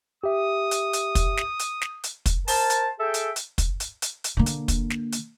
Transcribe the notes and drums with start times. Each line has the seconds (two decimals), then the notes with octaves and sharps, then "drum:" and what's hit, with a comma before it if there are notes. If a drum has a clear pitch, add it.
0.24 G4 E5 D#6
0.71 drum: hi-hat
0.93 drum: hi-hat
1.15 drum: kick, hi-hat
1.37 drum: snare
1.59 drum: hi-hat
1.81 drum: snare
2.04 drum: hi-hat
2.26 drum: kick, hi-hat
2.48 A#4 C5 A5, drum: open hi-hat
2.70 drum: hi-hat
2.99 G#4 A4 E5 G5
3.14 drum: hi-hat
3.36 drum: hi-hat
3.58 drum: kick, hi-hat
3.80 drum: hi-hat
4.02 drum: hi-hat
4.24 drum: hi-hat
4.37 D3 A#3
4.46 drum: hi-hat
4.68 drum: kick, hi-hat
4.90 drum: snare
5.12 drum: hi-hat